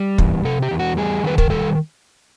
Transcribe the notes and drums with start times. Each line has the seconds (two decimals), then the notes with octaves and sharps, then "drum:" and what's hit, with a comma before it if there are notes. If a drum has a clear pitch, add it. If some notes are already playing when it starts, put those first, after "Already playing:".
Already playing: G3
0.18 E2, drum: kick
0.45 C3 A4
0.62 G4
0.71 E2
0.80 F#4
0.97 G3 G#4
1.24 D#3 B4
1.38 A#4, drum: kick
1.50 G3 A4